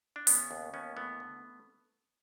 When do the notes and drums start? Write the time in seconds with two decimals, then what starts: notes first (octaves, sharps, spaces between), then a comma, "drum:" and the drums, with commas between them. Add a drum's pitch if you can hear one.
0.16 D4
0.27 C#3 B3 C#4, drum: open hi-hat
0.51 D#2
0.74 D#2 B3 C#4
0.97 E3 A3 B3
1.20 D3